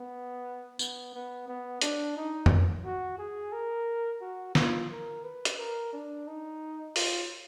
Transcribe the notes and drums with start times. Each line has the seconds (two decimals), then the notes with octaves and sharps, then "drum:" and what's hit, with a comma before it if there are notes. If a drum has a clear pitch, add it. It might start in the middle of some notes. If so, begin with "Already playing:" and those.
Already playing: B3
0.79 B3, drum: tambourine
1.14 B3
1.48 B3
1.81 D4, drum: hi-hat
2.17 D#4
2.46 drum: tom F2
2.85 F#4
3.19 G#4
3.53 A#4
4.21 F#4
4.55 F4, drum: snare
4.90 A#4
5.24 B4
5.45 drum: hi-hat
5.58 A#4
5.93 D4
6.27 D#4
6.96 F4, drum: open hi-hat